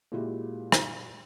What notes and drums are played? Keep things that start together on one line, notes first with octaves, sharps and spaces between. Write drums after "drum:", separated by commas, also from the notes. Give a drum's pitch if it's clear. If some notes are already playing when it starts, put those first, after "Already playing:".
A#2 G#3 E4 F#4 G4
drum: rim click